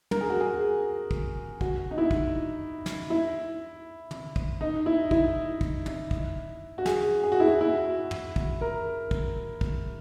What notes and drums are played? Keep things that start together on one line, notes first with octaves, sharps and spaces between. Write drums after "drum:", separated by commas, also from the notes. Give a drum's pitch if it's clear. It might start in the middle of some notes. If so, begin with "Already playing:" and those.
A#4, drum: tom
G#4
F#4
G#4
drum: kick
F#4, drum: kick
D#4
E4
drum: kick
drum: snare
E4
drum: tom
drum: kick
D#4
E4
E4, drum: kick
drum: kick
drum: tom
drum: kick
F#4
G#4, drum: snare
G#4
F#4
E4
F#4
E4
F#4
drum: tom
drum: kick
A#4
drum: kick
drum: kick